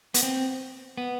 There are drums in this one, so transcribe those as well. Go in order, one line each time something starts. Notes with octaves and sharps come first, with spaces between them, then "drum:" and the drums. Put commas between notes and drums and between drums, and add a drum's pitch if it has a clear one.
B3, drum: hi-hat
C4
B3